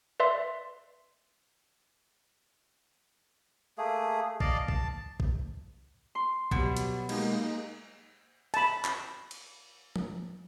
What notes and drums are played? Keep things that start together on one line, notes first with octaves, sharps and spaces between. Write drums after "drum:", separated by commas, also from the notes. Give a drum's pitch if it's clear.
B4 D5 E5 C6
A3 A#3 G#4
D5 D#5 F5 A5, drum: kick A#1
A5, drum: kick A#1
drum: kick A#1
C6
B2 F#3 G3, drum: kick A#1
drum: hi-hat
G#3 A#3 D#4, drum: cymbal
A5 B5, drum: cymbal
drum: clap
drum: cymbal
drum: tom F3